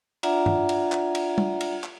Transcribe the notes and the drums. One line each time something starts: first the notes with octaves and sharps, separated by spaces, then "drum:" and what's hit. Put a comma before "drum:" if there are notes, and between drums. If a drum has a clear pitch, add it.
D4 F4 D5 E5 F#5 A#5, drum: cymbal
drum: tom G2
drum: cymbal
drum: clap
drum: cymbal
drum: tom G3
drum: cymbal
drum: clap